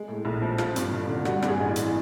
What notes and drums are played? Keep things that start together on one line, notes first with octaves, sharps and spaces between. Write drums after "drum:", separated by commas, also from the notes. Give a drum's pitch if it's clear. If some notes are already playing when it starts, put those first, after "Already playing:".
Already playing: G#3
A2
A#1
F3
F3 F4, drum: rim click
G2, drum: hi-hat
G1
D3
G3 F#4, drum: rim click
G2, drum: rim click
G#4
A1
E3, drum: hi-hat